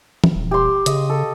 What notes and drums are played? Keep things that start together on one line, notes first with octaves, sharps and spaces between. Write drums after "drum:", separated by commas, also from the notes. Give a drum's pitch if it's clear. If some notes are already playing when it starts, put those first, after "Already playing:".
drum: tom
D#1
G4 C6
C#3 D#5, drum: hi-hat
A4